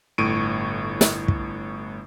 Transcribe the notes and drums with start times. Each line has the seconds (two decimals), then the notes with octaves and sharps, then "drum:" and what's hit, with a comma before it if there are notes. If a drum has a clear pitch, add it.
0.18 G1 A2 C#6 D7 D#7
1.01 drum: snare
1.28 drum: kick